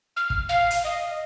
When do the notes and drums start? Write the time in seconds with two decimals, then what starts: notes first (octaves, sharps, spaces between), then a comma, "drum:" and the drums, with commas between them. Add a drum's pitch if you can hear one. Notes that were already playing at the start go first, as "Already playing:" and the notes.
0.17 F6
0.30 drum: kick
0.49 F5
0.71 drum: hi-hat
0.84 D#5